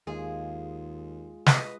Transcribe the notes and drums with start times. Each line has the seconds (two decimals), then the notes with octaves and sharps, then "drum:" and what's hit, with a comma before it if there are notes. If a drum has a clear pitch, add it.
0.07 D#2 G#3 F4 G#4
1.46 B4 D#5, drum: snare